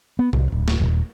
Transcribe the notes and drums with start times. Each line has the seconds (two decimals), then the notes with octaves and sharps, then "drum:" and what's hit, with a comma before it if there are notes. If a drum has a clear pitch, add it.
0.19 B3
0.33 C2, drum: tom A2
0.52 D1
0.68 drum: snare
0.80 D#1